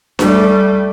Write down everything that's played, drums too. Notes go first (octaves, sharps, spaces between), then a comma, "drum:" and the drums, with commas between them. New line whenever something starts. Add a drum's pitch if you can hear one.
G3 A3, drum: snare D4